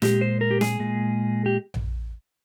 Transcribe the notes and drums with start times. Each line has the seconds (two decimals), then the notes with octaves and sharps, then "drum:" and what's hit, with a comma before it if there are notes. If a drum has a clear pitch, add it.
0.02 A#2 G#3 G4, drum: snare
0.21 C5
0.41 A#4
0.51 G4
0.61 G#4, drum: snare
0.79 A#2 G#3
1.46 G4
1.74 drum: tom A#1